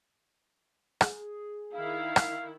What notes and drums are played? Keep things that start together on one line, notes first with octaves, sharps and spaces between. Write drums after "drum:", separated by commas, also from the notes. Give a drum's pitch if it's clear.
G#4, drum: rim click
D#3 E4 F5
drum: rim click